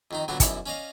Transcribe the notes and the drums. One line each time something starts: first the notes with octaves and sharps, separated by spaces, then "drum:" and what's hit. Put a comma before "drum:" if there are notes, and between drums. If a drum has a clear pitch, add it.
F2 D#3 D#4
A#2 D3 F#3 B3 F#4
B1 F#2 E4, drum: kick, hi-hat
C#4 D5 D#5 F5